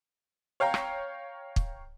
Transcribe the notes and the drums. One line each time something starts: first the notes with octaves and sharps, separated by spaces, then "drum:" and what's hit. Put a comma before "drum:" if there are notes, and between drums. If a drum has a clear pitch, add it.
C#5 F5 G5 A#5
drum: rim click
drum: kick